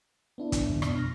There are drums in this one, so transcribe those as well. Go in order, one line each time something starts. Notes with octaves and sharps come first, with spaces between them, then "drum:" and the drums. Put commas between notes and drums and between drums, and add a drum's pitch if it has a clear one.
B3 D4 E4
drum: kick, hi-hat
E2 G#2 D3
F2 B2 B3 D4, drum: rim click
F6 A#6